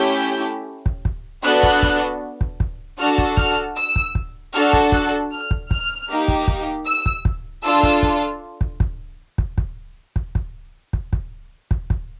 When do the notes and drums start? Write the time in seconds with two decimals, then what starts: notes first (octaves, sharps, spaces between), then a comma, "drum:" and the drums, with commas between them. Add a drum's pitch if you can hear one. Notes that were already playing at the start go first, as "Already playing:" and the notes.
Already playing: A3 C#4 E4 G4 G6
0.86 drum: kick
1.05 drum: kick
1.44 B3 D4 F#4 A4 F#6
1.63 drum: kick
1.83 drum: kick
2.41 drum: kick
2.60 drum: kick
2.99 D4 F#4 A4 F6
3.18 drum: kick
3.37 F6, drum: kick
3.77 E6
3.96 drum: kick
4.15 drum: kick
4.53 D4 F#4 A4 F6
4.73 drum: kick
4.92 F#6, drum: kick
5.32 F6
5.51 drum: kick
5.71 F6, drum: kick
6.09 A#3 D#4 G4
6.28 drum: kick
6.48 drum: kick
6.86 E6
7.06 drum: kick
7.25 drum: kick
7.63 D4 F4 A4 E6
7.83 drum: kick
8.03 drum: kick
8.61 drum: kick
8.80 drum: kick
9.38 drum: kick
9.58 drum: kick
10.16 drum: kick
10.35 drum: kick
10.93 drum: kick
11.13 drum: kick
11.71 drum: kick
11.90 drum: kick